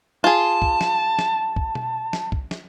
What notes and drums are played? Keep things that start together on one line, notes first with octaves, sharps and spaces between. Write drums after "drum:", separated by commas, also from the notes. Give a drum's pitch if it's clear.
F4 G#4 A5
drum: kick
drum: snare
drum: snare
drum: kick
drum: tom B2
drum: snare
drum: kick
drum: snare